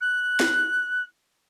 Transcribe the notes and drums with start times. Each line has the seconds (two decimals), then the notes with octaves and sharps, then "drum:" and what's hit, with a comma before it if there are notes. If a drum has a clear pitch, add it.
0.01 F#6
0.40 drum: snare